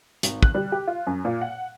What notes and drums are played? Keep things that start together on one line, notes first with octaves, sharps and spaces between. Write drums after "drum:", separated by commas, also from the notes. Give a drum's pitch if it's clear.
G#1, drum: hi-hat
F#6, drum: kick
G3
G4
F4
F#2
A#2
F#5